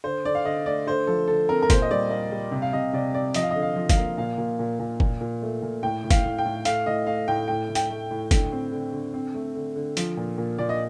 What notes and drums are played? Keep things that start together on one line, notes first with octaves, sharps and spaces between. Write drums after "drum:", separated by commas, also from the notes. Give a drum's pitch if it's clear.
D3 C5
D3 D5
F5
D3 D#5
A3 D5
D3 C5
F3 A4
D3 A4
C4 A#4
A#4
A#2 C5, drum: kick F#1, hi-hat
D#5
G3 D5
A#3 D#5
G3
C3
F5
C3 D#5
C3 D5
C4 D5
F3 D#5, drum: hi-hat
F5
D3 D#5
F5
F3
F5, drum: kick F#1, hi-hat
A#3
A#2 F5
A#2
A#2
A#2
A#2, drum: kick F#1
A#2
A3
A#2
A2 G5
A2
F5, drum: kick F#1, hi-hat
A2
G5
A2
A3 F5, drum: hi-hat
A2 D#5
A3 F5
A2 G5
A2 G5
A2
G5, drum: hi-hat
A3
A2
D3, drum: kick F#1, hi-hat
C4
D3
D3
C4
A3
D3
D3
F3, drum: hi-hat
A#2
A#2
A#2 D5
D#5